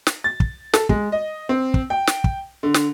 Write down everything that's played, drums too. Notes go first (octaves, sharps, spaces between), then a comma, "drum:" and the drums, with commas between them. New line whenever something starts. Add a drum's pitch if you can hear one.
drum: snare
A6
drum: kick
A4, drum: snare
G#3, drum: kick
D#5
C4
drum: kick
G5
drum: snare
drum: kick
D3
drum: snare